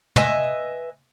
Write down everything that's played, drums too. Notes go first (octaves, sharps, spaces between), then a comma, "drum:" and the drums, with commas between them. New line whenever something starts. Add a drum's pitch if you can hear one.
B4 D#5 E5 G#5, drum: tom